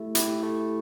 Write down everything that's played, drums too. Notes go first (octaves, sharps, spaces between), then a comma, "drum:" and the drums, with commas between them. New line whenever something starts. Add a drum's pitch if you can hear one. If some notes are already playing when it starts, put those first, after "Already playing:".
Already playing: A3 E4 G4
E4 G4, drum: hi-hat
A3